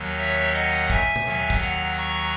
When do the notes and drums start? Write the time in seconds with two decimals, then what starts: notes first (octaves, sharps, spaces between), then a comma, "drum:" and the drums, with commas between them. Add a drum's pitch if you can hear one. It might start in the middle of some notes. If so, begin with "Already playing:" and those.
Already playing: D#2 D#3 F#3
0.17 C#5 E5
0.53 D#5 F#5
0.90 E5 G#5, drum: kick
1.16 drum: tom B2
1.25 D#2 D#3 F#3
1.50 drum: kick
1.61 F#5 A#5
1.97 A#5 C#6